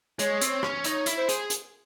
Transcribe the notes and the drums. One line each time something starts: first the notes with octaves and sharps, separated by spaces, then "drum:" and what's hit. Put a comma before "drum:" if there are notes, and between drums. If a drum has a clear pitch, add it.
G#3 C#5, drum: hi-hat
C4, drum: hi-hat
C#4, drum: rim click
D#4 C#5, drum: hi-hat
E4, drum: hi-hat
C5
G#4, drum: hi-hat
drum: hi-hat